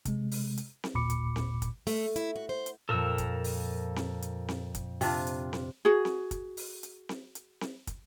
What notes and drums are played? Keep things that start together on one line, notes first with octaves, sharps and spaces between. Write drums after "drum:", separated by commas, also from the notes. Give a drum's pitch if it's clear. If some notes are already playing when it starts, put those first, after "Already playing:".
C3 G#3, drum: kick, hi-hat
drum: open hi-hat
drum: hi-hat
drum: snare C4
G1 D#2 A#2 B5 D6 C#7
drum: hi-hat
drum: snare C4
drum: kick, hi-hat
A3, drum: open hi-hat
E4, drum: hi-hat
F#4
C5
drum: hi-hat
F2 A#2 A4 A#4 E6
drum: kick, hi-hat
drum: open hi-hat
drum: snare C4
drum: hi-hat
drum: snare C4
drum: kick, hi-hat
C3 D4 F4, drum: open hi-hat
drum: hi-hat
drum: snare C4
F#4 G#4
drum: snare C4
drum: kick, hi-hat
drum: open hi-hat
drum: hi-hat
drum: snare C4
drum: hi-hat
drum: snare C4
drum: kick, hi-hat